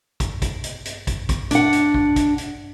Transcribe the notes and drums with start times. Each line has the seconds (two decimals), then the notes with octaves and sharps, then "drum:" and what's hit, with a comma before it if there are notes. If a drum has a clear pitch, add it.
0.20 drum: kick, hi-hat
0.42 drum: kick, hi-hat
0.64 drum: hi-hat
0.85 drum: hi-hat
1.07 drum: kick, hi-hat
1.29 drum: kick, hi-hat
1.51 D4 F#5, drum: hi-hat
1.73 drum: hi-hat
1.94 drum: kick
2.16 drum: kick, hi-hat
2.38 drum: hi-hat